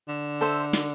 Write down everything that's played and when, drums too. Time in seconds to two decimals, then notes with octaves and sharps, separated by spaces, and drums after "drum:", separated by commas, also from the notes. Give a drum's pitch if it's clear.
0.08 D3
0.41 A4 C5 E5
0.73 drum: snare